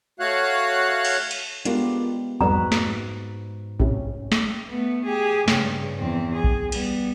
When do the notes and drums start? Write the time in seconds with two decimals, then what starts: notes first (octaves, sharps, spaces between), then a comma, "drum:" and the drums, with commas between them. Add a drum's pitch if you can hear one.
0.20 A3 F#4 C#5 F5 F#6
1.05 drum: cymbal
1.31 drum: cymbal
1.65 G#3 B3 D4 F4 G4 A#4, drum: hi-hat
2.41 B1 F2 G#2 G3 F#4 B4 A#5
2.72 drum: snare
3.80 A2 C3 C#4, drum: kick A#1
4.32 drum: snare
4.69 A3 B3
5.06 G4 G#4
5.48 G2 C#3, drum: snare
5.99 E2 C4
6.35 G#4
6.44 drum: kick A#1
6.72 G3 B3, drum: cymbal